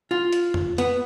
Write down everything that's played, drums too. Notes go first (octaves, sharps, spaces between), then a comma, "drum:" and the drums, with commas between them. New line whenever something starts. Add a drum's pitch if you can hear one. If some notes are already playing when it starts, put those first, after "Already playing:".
F4
drum: hi-hat
drum: tom F2
B3, drum: hi-hat